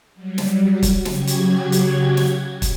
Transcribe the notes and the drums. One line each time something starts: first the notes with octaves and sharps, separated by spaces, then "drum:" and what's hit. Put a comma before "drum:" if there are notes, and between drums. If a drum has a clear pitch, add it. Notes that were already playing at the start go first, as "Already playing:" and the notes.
F#3 G3
drum: snare
drum: kick, hi-hat
C#3 F#3 F#4 G4 G#6, drum: snare
drum: hi-hat
drum: hi-hat
drum: snare
drum: kick, hi-hat